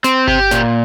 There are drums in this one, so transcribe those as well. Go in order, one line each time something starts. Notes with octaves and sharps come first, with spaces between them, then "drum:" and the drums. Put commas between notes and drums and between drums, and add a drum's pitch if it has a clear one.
C4, drum: snare
G4, drum: kick G1
A#2, drum: snare